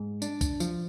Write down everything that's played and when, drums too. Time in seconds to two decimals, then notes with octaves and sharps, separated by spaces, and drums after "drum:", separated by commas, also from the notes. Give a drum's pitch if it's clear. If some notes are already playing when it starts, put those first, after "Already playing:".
Already playing: G#2
0.22 D4, drum: tambourine
0.41 drum: kick, tambourine
0.60 F3, drum: tambourine